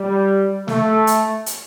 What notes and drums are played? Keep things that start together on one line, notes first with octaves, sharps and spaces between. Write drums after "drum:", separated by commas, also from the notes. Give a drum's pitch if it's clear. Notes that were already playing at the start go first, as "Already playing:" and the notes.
Already playing: G3
A3, drum: snare
drum: hi-hat
drum: hi-hat